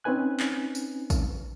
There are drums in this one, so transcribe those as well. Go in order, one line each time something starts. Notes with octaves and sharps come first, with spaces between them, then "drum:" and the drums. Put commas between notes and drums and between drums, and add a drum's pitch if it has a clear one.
C4 C#4 D#4 B4 G#5 F#6
drum: clap
drum: tambourine
drum: kick, tambourine